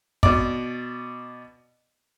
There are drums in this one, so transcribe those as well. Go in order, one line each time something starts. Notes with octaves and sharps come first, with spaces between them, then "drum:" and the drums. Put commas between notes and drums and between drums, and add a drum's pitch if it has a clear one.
B2 D5, drum: kick